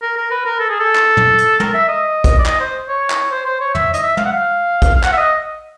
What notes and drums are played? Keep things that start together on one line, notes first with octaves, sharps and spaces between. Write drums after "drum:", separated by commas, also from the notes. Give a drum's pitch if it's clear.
A#4
A#4
B4
A#4
A4
G#4
A4
drum: clap
drum: tom
drum: hi-hat
A#4, drum: tom
E5
D#5
drum: kick, hi-hat
D5
D#5, drum: clap
C5
C#5
drum: clap
C5
C5
C#5
E5, drum: tom
D#5, drum: hi-hat
E5
F5, drum: tom
F#5
F5
drum: kick, hi-hat
F5
F#5, drum: clap
E5
D#5